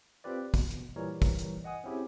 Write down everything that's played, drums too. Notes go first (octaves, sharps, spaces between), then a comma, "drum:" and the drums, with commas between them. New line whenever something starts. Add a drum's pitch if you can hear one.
C4 F4 G4 B4 D5
B2, drum: kick, open hi-hat
drum: hi-hat
A#2 E3 G3 A#4 C#5 A#5
drum: kick, open hi-hat
drum: hi-hat
D#5 F#5 G#5 D#6
C4 C#4 E4 G4 G#4